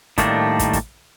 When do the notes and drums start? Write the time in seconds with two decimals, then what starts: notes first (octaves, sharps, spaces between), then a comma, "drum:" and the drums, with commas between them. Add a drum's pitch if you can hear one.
0.18 A2 D#3 G3 A3 A#3 D4, drum: kick, hi-hat
0.59 drum: kick, hi-hat
0.73 drum: kick, hi-hat